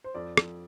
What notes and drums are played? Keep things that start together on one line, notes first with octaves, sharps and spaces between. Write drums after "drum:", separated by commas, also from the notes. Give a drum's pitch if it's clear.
C5
F2 D5
F2, drum: rim click